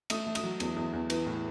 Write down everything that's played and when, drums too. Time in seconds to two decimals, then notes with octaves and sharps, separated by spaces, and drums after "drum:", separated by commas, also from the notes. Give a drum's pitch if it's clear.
0.10 A3 D#6, drum: cymbal
0.27 A3
0.35 D#6, drum: cymbal
0.43 F#3
0.60 E2, drum: cymbal
0.76 E2
0.93 E2
1.10 E3, drum: cymbal
1.26 A2